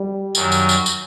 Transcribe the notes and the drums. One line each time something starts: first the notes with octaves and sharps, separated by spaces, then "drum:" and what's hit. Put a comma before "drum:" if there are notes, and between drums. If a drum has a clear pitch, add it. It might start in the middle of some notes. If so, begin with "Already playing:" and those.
Already playing: G3
F#2 D#3 F#3, drum: tambourine
drum: tambourine
drum: tambourine
drum: tambourine